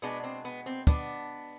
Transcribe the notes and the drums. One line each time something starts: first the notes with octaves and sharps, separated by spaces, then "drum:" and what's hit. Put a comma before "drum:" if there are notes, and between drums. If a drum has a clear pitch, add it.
B2 G#3 B3 D4
C4
B3
C4
B3 D4, drum: kick